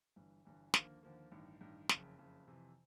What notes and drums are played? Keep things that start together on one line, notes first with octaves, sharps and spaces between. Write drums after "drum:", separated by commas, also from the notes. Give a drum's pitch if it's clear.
G1 G2 E3
G1 G2 E3
D#2 D3 F3 A#3, drum: snare
D#2 D3 F3 A#3
A1 G2 D#3
A1 G2 D#3
F#1 F2 C#3, drum: snare
F#1 F2 C#3
F2 C3 E3